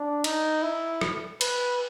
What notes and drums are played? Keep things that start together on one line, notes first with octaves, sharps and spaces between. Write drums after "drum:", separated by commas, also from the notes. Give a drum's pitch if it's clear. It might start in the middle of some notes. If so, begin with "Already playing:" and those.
Already playing: D4
D#4, drum: cymbal
E4
drum: rim click
B4, drum: cymbal